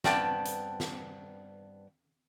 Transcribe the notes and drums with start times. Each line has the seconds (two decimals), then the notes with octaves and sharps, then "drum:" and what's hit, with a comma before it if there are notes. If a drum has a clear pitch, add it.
0.04 G2 B3 C4 D5 G5 A5, drum: snare
0.45 drum: hi-hat
0.80 drum: snare